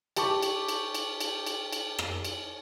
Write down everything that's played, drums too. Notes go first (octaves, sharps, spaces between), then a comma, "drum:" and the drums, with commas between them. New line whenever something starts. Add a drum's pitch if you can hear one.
G4 A5 C#6 D6, drum: cymbal
drum: cymbal
drum: cymbal
drum: cymbal
drum: cymbal
drum: cymbal
drum: cymbal
drum: rim click
drum: cymbal